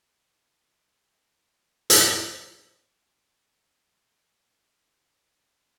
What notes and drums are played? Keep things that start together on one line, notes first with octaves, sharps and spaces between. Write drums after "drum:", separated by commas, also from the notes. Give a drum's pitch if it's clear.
F4
C4
A3 F4 A#4 D#5
drum: hi-hat
A#4
E4 A4 F#7
G2 F3 B4